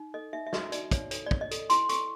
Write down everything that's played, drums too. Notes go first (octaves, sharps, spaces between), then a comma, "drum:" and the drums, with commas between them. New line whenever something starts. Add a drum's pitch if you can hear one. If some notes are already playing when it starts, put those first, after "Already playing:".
Already playing: D#4
A4 D#5
D#4 E5
E5
F#4 D#5, drum: snare
D#4 D5, drum: hi-hat
D#4 C#5, drum: kick, hi-hat
A4 C#5, drum: hi-hat
D5
C#5, drum: kick
D#5
A4, drum: hi-hat
E4 C6, drum: hi-hat
A4 C#6, drum: hi-hat